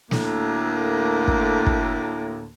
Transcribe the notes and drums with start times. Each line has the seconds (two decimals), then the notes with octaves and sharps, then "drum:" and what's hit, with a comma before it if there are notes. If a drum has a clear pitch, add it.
0.11 D2 A2 A#3, drum: snare
1.28 drum: kick
1.66 drum: kick